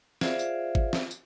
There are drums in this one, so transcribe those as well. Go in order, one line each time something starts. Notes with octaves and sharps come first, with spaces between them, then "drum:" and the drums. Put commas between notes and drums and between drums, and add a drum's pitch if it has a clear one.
F4 G#4 C5 D5 E5 F5, drum: snare
drum: tambourine
drum: kick G1
drum: snare
drum: tambourine